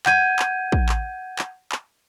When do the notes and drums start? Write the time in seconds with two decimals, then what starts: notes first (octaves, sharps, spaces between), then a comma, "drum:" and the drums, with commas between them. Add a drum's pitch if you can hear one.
0.06 F#5 G6 G#6 D#7, drum: clap
0.39 drum: clap
0.72 drum: kick
0.89 drum: clap
1.39 drum: clap
1.72 drum: clap